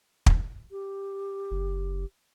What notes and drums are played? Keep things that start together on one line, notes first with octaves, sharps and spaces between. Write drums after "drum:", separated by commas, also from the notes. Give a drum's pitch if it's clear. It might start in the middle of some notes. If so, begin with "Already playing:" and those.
drum: kick
G4
F#1